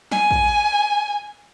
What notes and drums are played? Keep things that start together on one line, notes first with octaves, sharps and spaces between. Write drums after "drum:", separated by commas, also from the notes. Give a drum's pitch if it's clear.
G#5, drum: snare
drum: kick